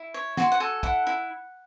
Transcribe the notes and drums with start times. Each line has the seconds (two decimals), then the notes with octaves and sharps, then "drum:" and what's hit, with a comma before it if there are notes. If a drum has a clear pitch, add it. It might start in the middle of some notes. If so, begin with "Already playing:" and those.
Already playing: E4
0.14 C#5
0.37 F#4 C6, drum: snare
0.52 F#5
0.60 A4 G#5
0.83 E4 F#5, drum: kick
1.07 E4